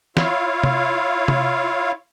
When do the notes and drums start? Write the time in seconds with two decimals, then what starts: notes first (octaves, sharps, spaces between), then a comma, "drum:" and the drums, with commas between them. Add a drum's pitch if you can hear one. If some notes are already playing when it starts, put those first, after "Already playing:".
0.17 E4 F4 C#5 F5, drum: snare
0.64 drum: tom
1.28 drum: tom C3